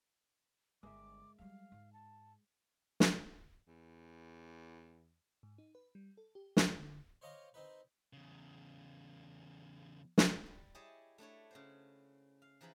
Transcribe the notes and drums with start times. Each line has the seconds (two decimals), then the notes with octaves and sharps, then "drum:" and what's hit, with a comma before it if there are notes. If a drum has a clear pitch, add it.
0.83 G1 G#3 A#4 E5 D6
1.38 F#3 G3 F5
1.72 G#2
1.93 A5
3.00 drum: snare
3.67 E2
5.43 G#2
5.58 D#4
5.75 B4
5.95 G3
6.17 A4
6.35 G4
6.57 F2, drum: snare
6.79 D3
7.22 C5 C#5 D#5 F5 A#5 D6
7.54 C4 D#4 B4
8.13 E2 C#3
10.18 drum: snare
10.46 G3
10.75 E4 G4 G#4 C#5 D#5 A5
11.18 A3 D4 E4 C#5
11.51 C#3 F#4 C5
12.42 F5
12.61 E3 F3 D#4 G#4 B5